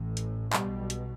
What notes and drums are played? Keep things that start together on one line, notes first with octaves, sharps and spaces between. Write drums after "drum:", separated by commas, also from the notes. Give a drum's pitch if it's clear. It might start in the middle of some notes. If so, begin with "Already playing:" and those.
Already playing: A1 A2
drum: hi-hat
B1 B2 G3, drum: clap
drum: hi-hat